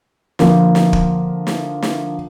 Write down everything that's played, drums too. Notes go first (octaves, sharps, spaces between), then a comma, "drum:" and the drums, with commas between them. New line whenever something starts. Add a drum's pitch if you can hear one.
D3 F3 A#3, drum: snare
drum: snare
drum: kick
drum: snare
drum: snare